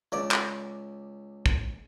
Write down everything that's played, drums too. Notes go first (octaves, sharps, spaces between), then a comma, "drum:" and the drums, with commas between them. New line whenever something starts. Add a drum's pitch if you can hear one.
C#2 D5
drum: clap
drum: kick